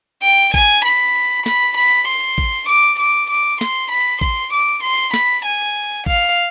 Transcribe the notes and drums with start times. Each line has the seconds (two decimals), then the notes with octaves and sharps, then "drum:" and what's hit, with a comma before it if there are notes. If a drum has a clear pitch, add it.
0.23 G5
0.54 G#5, drum: kick A1
0.85 B5
1.46 B5, drum: snare
1.77 B5
2.08 C6
2.38 drum: kick A1
2.68 D6
2.99 D6
3.30 D6
3.61 C6, drum: snare
3.91 B5
4.21 C6, drum: kick A1
4.53 D6
4.83 C6
5.14 B5, drum: snare
5.45 G#5
6.06 F5, drum: kick A1